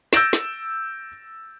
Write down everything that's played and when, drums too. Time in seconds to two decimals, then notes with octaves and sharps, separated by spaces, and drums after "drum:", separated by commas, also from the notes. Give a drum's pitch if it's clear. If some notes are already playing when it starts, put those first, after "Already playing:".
0.13 E6 G6 A6 A#6 D7 E7, drum: snare
0.33 drum: snare